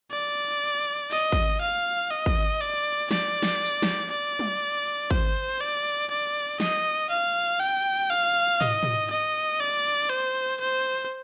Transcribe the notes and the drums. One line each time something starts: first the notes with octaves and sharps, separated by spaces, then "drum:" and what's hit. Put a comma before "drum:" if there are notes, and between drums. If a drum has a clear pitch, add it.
D5
D#5, drum: cymbal
drum: kick G#1
F5
D#5
drum: kick G#1
D5, drum: hi-hat
D5, drum: snare
drum: snare
drum: tambourine
drum: snare
D5
drum: tom
C5, drum: kick G#1
D5
D5
D#5, drum: snare
F5
G5
F5
D#5, drum: tom
drum: tom
D#5
D5
C5
C5